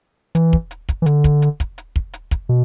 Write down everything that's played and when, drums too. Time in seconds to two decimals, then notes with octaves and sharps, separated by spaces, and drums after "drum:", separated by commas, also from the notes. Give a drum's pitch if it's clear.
0.35 E3, drum: hi-hat
0.53 drum: kick
0.71 drum: hi-hat
0.89 drum: kick, hi-hat
1.02 E3
1.06 D3, drum: hi-hat
1.24 drum: kick, hi-hat
1.42 drum: hi-hat
1.60 drum: kick, hi-hat
1.78 drum: hi-hat
1.96 drum: kick
2.13 drum: hi-hat
2.31 drum: kick, hi-hat
2.49 B2